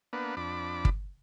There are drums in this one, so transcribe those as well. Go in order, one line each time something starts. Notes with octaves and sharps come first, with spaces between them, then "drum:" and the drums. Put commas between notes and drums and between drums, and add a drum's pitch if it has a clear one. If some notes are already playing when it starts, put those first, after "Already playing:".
A#3 B3 D4 B4
F2 D4 B5 D6
drum: kick G1